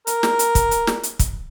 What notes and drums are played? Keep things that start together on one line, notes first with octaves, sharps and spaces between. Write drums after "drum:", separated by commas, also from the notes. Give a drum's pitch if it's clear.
A#4, drum: hi-hat
drum: snare
drum: hi-hat
drum: kick, hi-hat
drum: hi-hat
drum: snare
drum: hi-hat
drum: kick, hi-hat